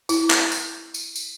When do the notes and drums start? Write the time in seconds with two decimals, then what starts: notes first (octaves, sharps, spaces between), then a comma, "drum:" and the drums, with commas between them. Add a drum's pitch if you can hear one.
0.09 E4, drum: tambourine
0.30 drum: clap
0.52 drum: tambourine
0.94 drum: tambourine
1.16 drum: tambourine